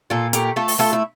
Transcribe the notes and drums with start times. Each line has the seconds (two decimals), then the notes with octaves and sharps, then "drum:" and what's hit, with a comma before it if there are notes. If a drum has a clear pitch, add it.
0.10 A#2 F4 A4
0.33 A3 G4 A#4, drum: hi-hat
0.56 A3 F4 A4
0.68 drum: open hi-hat
0.79 A3 F4 A4
0.93 E4